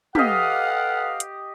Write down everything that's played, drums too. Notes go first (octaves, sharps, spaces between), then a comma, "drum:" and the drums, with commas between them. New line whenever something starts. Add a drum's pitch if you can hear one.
G4 A4 B4 D#5 F5 F#5, drum: tom
drum: hi-hat